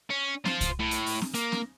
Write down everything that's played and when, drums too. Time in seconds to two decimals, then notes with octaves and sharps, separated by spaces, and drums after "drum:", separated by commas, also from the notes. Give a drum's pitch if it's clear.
0.10 C#4
0.46 F4 C5, drum: snare C4
0.61 drum: kick C2, hi-hat
0.80 A2
0.91 drum: hi-hat
1.06 drum: open hi-hat
1.22 drum: snare C4
1.34 A#3, drum: hi-hat
1.52 drum: snare C4